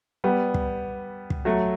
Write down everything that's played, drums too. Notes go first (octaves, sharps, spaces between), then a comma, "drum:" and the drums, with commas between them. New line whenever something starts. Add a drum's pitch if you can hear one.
G3 B3
drum: kick
drum: kick
F#3 A3